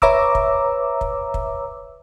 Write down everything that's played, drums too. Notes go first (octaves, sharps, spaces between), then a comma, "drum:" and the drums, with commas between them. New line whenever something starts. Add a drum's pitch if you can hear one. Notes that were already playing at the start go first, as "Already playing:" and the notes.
B4 C#5 E5 A#5 D6 E6, drum: kick
drum: kick
drum: kick
drum: kick